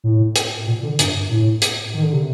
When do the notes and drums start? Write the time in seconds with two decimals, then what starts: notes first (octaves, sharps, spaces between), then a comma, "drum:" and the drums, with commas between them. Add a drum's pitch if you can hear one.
0.04 A2
0.36 drum: hi-hat
0.67 A#2
0.83 D3
0.99 G2, drum: hi-hat
1.30 A2
1.62 drum: hi-hat
1.94 D#3
2.02 D3
2.13 C3